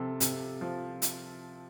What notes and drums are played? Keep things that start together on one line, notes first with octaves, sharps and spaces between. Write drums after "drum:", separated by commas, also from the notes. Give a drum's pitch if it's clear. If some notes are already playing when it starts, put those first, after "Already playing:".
Already playing: C3 F3 A4
C3, drum: hi-hat
F3
drum: hi-hat